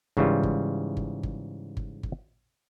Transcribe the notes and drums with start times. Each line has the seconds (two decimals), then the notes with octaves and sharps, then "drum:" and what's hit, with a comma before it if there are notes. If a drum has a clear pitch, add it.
0.17 G#2 C#3 E3 G3 F4, drum: kick G1
0.43 drum: kick G1
0.97 drum: kick G1
1.23 drum: kick G1
1.77 drum: kick G1
2.03 drum: kick G1